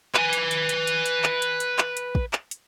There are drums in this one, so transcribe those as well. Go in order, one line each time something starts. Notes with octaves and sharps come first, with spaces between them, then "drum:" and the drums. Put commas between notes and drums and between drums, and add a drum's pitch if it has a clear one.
B4 G#5, drum: clap
drum: hi-hat
drum: hi-hat
drum: hi-hat
drum: hi-hat
drum: hi-hat
drum: clap
drum: hi-hat
drum: hi-hat
drum: clap
drum: hi-hat
drum: kick
drum: clap
drum: hi-hat